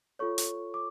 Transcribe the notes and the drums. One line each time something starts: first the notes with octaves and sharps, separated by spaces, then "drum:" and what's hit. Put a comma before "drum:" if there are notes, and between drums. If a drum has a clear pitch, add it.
F4 A4 C#5 C#6
drum: hi-hat
D6